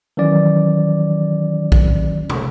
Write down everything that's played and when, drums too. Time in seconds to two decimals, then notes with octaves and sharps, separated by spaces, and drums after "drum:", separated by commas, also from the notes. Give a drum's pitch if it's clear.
0.17 D#3 E3 F#3 C#4 D5
1.72 drum: kick A#1
2.30 drum: tom